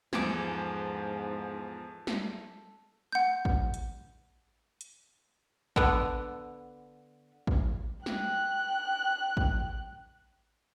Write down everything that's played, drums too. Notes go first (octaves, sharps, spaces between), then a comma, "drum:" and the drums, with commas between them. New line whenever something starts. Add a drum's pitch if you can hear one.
E2 G#2 F3 G#4 A4 D6, drum: snare
drum: snare
F#5 G6
drum: kick A1
drum: hi-hat
drum: hi-hat
D3 B3, drum: kick A1
drum: kick A1
G5 F#6, drum: snare
drum: kick A1